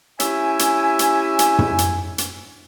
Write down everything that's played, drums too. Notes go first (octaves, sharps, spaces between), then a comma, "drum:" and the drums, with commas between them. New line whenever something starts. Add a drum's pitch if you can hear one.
C#4 E4 G4 E5 G#5, drum: hi-hat
drum: hi-hat
drum: hi-hat
drum: hi-hat
drum: tom
drum: hi-hat
drum: hi-hat